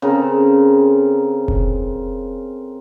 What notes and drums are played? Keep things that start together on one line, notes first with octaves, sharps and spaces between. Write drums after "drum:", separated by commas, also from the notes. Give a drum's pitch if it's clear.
C#3 C4 A4 A#4
drum: kick F1